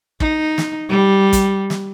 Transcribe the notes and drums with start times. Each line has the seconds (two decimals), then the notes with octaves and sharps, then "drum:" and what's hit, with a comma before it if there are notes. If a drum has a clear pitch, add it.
0.20 D#4, drum: kick
0.58 drum: snare
0.89 G3
1.33 drum: kick, hi-hat
1.70 drum: snare